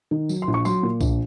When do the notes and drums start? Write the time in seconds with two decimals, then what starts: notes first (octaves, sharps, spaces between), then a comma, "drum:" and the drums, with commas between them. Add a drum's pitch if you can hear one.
0.11 D#3
0.29 F#3, drum: tambourine
0.42 C6
0.47 A#1
0.54 C#6
0.65 F#3 C6, drum: tambourine
0.83 A#2
1.01 A#1, drum: kick B1, tambourine